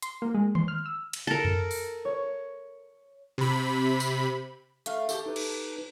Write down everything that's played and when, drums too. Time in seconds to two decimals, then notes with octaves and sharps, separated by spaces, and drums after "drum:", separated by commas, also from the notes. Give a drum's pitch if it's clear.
0.02 C6, drum: hi-hat
0.22 A#3
0.34 G#3
0.55 C6, drum: tom D#3
0.68 F6
0.86 E6
1.13 drum: cymbal
1.27 A4 A#4
1.45 drum: tom F2
1.71 drum: open hi-hat
2.05 C#5
3.38 C3 B5
4.00 drum: tambourine
4.86 A3 F5, drum: hi-hat
5.09 G4 A4, drum: tambourine
5.26 D#4 B4
5.36 drum: cymbal